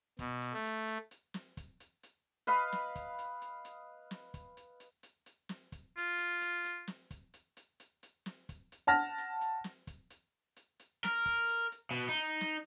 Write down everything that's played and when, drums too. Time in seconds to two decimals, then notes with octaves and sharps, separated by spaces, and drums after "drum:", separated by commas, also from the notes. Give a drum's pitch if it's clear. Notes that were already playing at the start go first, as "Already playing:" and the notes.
0.19 B2, drum: kick, hi-hat
0.42 drum: hi-hat
0.54 A3
0.65 drum: hi-hat
0.88 drum: hi-hat
1.11 drum: hi-hat
1.34 drum: snare
1.57 drum: kick, hi-hat
1.80 drum: hi-hat
2.03 drum: hi-hat
2.47 B4 D#5 F5 B5, drum: hi-hat
2.72 drum: snare
2.96 drum: kick, hi-hat
3.19 drum: hi-hat
3.42 drum: hi-hat
3.65 drum: hi-hat
4.11 drum: snare
4.34 drum: kick, hi-hat
4.57 drum: hi-hat
4.80 drum: hi-hat
5.03 drum: hi-hat
5.26 drum: hi-hat
5.49 drum: snare
5.72 drum: kick, hi-hat
5.97 F4, drum: hi-hat
6.18 drum: hi-hat
6.41 drum: hi-hat
6.64 drum: hi-hat
6.87 drum: snare
7.11 drum: kick, hi-hat
7.34 drum: hi-hat
7.57 drum: hi-hat
7.80 drum: hi-hat
8.03 drum: hi-hat
8.26 drum: snare
8.49 drum: kick, hi-hat
8.72 drum: hi-hat
8.87 F#5 A5 F6 A#6
9.18 drum: hi-hat
9.41 drum: hi-hat
9.64 drum: snare
9.87 drum: kick, hi-hat
10.10 drum: hi-hat
10.56 drum: hi-hat
10.79 drum: hi-hat
11.04 A#4, drum: snare
11.26 drum: kick, hi-hat
11.49 drum: hi-hat
11.72 drum: hi-hat
11.91 B2
12.09 D#4
12.18 drum: hi-hat
12.41 drum: snare